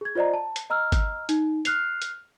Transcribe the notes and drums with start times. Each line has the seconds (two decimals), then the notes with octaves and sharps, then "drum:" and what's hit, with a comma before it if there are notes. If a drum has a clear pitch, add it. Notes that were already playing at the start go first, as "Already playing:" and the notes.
0.01 G#4 G#6
0.15 F4 C5 D5 D#5 A#5
0.34 A5
0.56 drum: hi-hat
0.70 D#5 A#5 E6 F6
0.92 drum: kick, hi-hat
1.29 D#4, drum: hi-hat
1.65 F6 F#6 C7 F7, drum: hi-hat
2.02 drum: hi-hat